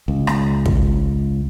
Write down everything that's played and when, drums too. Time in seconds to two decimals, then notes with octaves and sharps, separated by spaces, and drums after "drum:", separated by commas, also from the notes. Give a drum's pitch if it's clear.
0.08 C#2
0.27 drum: rim click
0.66 drum: kick